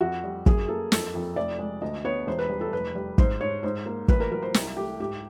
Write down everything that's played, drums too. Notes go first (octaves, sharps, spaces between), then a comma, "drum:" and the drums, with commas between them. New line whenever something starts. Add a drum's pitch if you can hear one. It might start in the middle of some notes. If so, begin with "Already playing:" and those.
F2 F#4
G3
F#2 G#4, drum: kick
A#3 A4
F2 A4, drum: snare
F2
F1 D5
G#3
D2 D#5
B3 C#5
E1 C5
B4
G3
A4
F1 B4
G3
G#2 C5, drum: kick
G#2 C#5
G#2 C5
A#3
A1 B4, drum: kick
A#4
F#3 A#4
C5
C2, drum: snare
A3 G4
G#2 G4